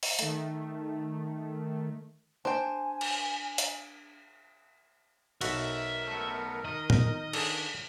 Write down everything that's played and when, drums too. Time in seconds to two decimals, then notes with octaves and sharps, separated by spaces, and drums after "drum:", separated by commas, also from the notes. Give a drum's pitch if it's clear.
0.03 drum: open hi-hat
0.19 D#3 A3, drum: hi-hat
2.45 D4 C5 G5 G#5
3.01 drum: cymbal
3.58 drum: hi-hat
5.41 B1 F#4 A#4 E5, drum: cymbal
6.07 A3 B3
6.65 D#3 D#5
6.90 drum: tom A#2
7.33 D4 G#4 A4, drum: cymbal